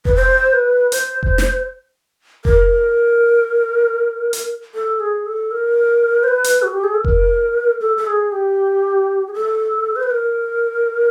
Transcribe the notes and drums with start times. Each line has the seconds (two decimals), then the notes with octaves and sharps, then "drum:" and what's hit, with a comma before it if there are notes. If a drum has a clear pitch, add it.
0.05 B4, drum: kick F1
0.15 C5
0.53 B4
0.92 C5, drum: hi-hat
1.23 drum: kick F1
1.38 drum: snare
2.45 A#4, drum: kick F1
4.33 drum: hi-hat
4.75 A4
5.00 G#4
5.26 A4
5.51 A#4
6.23 C5
6.28 B4
6.44 drum: hi-hat
6.62 F#4
6.73 G4
6.84 G#4
6.94 A4
7.05 A#4, drum: kick F1
7.81 A4
7.98 A4
8.06 G#4
8.32 G4
9.28 G#4
9.34 A4
9.96 C5
10.03 B4
10.11 A#4